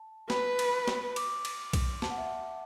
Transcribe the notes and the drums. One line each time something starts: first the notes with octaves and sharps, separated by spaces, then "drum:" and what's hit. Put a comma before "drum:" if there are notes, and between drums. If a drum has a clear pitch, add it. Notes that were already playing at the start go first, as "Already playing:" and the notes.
Already playing: A5
B4 B5, drum: snare
drum: cymbal
drum: snare
D6, drum: cymbal
drum: cymbal
drum: kick B1, cymbal
A5, drum: snare
F#5
E5
F#5